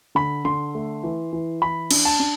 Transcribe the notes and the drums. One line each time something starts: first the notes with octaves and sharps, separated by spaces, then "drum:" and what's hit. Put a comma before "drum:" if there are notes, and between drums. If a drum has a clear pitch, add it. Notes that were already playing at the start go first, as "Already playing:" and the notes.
D3 B5
D3 C6
A3
E3
E3
E3 B5
D4, drum: cymbal
A5
D4